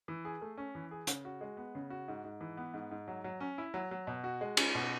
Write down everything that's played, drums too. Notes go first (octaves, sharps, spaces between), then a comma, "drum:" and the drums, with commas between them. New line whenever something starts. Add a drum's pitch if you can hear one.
E3
G#4
A3
C#4
E3
G#4
C#3, drum: hi-hat
F#4
G#3
B3
C#3
F#4
G#2
G#2
E3
B3
G#2
G#2
F#3
F#3
C#4
E4
F#3
F#3
B2
F#4
G#3
C#4, drum: cymbal
B2